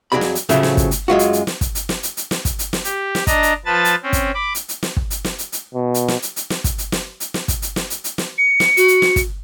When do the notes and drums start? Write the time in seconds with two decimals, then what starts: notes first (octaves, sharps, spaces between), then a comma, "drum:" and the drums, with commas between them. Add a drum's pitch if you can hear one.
0.12 F2 F#3 G4 G#4 D5 B5
0.21 drum: snare
0.35 drum: hi-hat
0.49 A2 C#3 F3 F#3 A3, drum: hi-hat
0.63 drum: snare
0.77 drum: kick, hi-hat
0.91 drum: hi-hat
1.08 F#2 G#3 F4 F#4
1.19 drum: hi-hat
1.33 drum: hi-hat
1.47 drum: snare
1.61 drum: kick, hi-hat
1.75 drum: hi-hat
1.89 drum: snare
2.03 drum: hi-hat
2.17 drum: hi-hat
2.31 drum: snare
2.45 drum: kick, hi-hat
2.59 drum: hi-hat
2.73 drum: snare
2.84 G4, drum: hi-hat
3.15 drum: snare
3.27 D4 D#5 A#5, drum: kick, hi-hat
3.43 drum: hi-hat
3.65 F3 B4 A5 A6
3.85 drum: hi-hat
4.03 C4 C#4
4.13 drum: kick, hi-hat
4.34 B5 D6
4.55 drum: hi-hat
4.69 drum: hi-hat
4.83 drum: snare
4.97 drum: kick
5.11 drum: hi-hat
5.24 drum: snare
5.38 drum: hi-hat
5.52 drum: hi-hat
5.74 B2
5.94 drum: hi-hat
6.08 drum: snare
6.22 drum: hi-hat
6.36 drum: hi-hat
6.50 drum: snare
6.64 drum: kick, hi-hat
6.78 drum: hi-hat
6.92 drum: snare
7.20 drum: hi-hat
7.34 drum: snare
7.48 drum: kick, hi-hat
7.62 drum: hi-hat
7.76 drum: snare
7.90 drum: hi-hat
8.04 drum: hi-hat
8.18 drum: snare
8.38 C#7
8.60 drum: snare
8.77 F#4, drum: hi-hat
8.88 drum: hi-hat
9.02 drum: snare
9.16 drum: kick, hi-hat